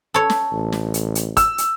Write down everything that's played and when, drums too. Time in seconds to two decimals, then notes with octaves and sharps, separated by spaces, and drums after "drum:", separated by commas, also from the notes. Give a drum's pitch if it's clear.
0.14 A4 C#5
0.30 drum: snare
0.52 A1
0.72 drum: snare
0.94 drum: hi-hat
1.15 drum: hi-hat
1.37 E6, drum: kick, hi-hat
1.58 drum: hi-hat